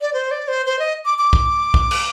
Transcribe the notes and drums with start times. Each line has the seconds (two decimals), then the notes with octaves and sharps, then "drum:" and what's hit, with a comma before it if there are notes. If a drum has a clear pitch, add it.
0.01 D5
0.13 C5
0.31 D5
0.48 C5
0.66 C5
0.79 D#5
1.05 D6
1.18 D6
1.33 drum: kick B1
1.74 drum: kick B1
1.91 drum: cymbal